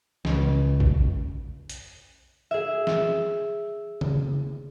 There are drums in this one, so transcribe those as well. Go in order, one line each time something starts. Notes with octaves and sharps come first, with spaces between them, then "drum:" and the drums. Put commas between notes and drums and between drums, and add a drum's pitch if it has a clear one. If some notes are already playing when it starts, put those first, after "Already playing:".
C#2 C#3, drum: snare E3
drum: kick A#1
drum: hi-hat
G#4 E5
drum: snare E3
drum: tom C#3